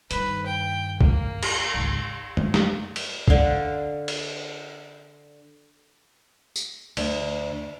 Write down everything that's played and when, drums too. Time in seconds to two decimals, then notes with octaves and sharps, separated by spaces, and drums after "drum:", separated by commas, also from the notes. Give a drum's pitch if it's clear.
0.11 G2 D#3 B4, drum: hi-hat
0.46 G5
1.01 A#3, drum: kick C2
1.43 drum: cymbal
1.74 G#1 C#2
2.37 drum: tom F#2
2.54 drum: snare
2.96 drum: cymbal
3.28 D3 F5, drum: kick C2
4.08 drum: cymbal
6.56 drum: tambourine
6.97 D2, drum: cymbal